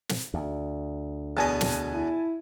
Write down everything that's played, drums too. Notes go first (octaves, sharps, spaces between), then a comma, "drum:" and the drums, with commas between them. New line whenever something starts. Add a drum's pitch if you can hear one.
drum: snare
D2
E2 B2 D#5 G#5 A5
drum: snare
E4